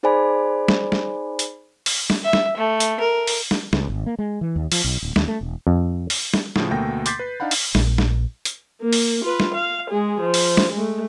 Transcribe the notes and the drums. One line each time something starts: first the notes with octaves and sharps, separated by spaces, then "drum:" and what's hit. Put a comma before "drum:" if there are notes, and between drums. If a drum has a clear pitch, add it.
D#4 G#4 C5 D5 G#5 B5
drum: snare
drum: snare
drum: hi-hat
drum: open hi-hat
drum: snare
E5
drum: snare
A3
drum: hi-hat
A#4
drum: open hi-hat
drum: snare
C#2, drum: snare
G#1
A#3
G#3
E3
D#2
F3, drum: open hi-hat
B1
D1
D#2, drum: snare
A3
E1
F2
drum: open hi-hat
drum: snare
A2 C#3 F3, drum: snare
D2 B2 A3 A#3 G5 A#6
C6 D6 G6 A6 B6 C7, drum: hi-hat
B4 C7
D4 D#4 F5 F#5 B5
drum: open hi-hat
A#1, drum: snare
drum: snare
drum: hi-hat
A#3
drum: open hi-hat
F4 B4
drum: snare
F5
G#3 G#4
F3
drum: open hi-hat
drum: snare
G#3 A3